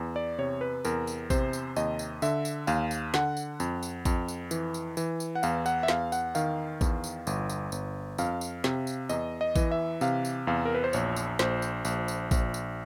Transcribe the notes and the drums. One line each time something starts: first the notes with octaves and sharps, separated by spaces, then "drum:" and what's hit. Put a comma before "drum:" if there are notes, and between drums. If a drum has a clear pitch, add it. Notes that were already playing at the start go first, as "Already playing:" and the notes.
Already playing: E2
D5
C3 C#5
B4
E2 A#4, drum: tambourine
drum: tambourine
C3 C5, drum: kick A1, tambourine
drum: tambourine
D#2 D#5, drum: tambourine
drum: tambourine
D3 E5, drum: tambourine
drum: tambourine
D#2 F5, drum: tambourine
drum: tambourine
D3 F#5, drum: snare
drum: tambourine
F2, drum: tambourine
drum: tambourine
F2, drum: kick A1, tambourine
drum: tambourine
E3, drum: tambourine
drum: tambourine
E3, drum: tambourine
drum: tambourine
F#5
E2 F5, drum: tambourine
F#5, drum: tambourine
E5
E2 F5, drum: snare
F#5, drum: tambourine
D#3 F5, drum: tambourine
E2, drum: kick A1, tambourine
drum: tambourine
G1, drum: tambourine
drum: tambourine
G1, drum: tambourine
F2 F5, drum: tambourine
drum: tambourine
C3, drum: snare
drum: tambourine
E2 D#5, drum: tambourine
D#5
E3, drum: kick A1, tambourine
E5
C3 F5, drum: tambourine
drum: tambourine
E2 F5
A#4
B4
C5
A#1 C#5, drum: tambourine
drum: tambourine
A#1 C5, drum: snare
drum: tambourine
A#1, drum: tambourine
drum: tambourine
A#1, drum: kick A1, tambourine
drum: tambourine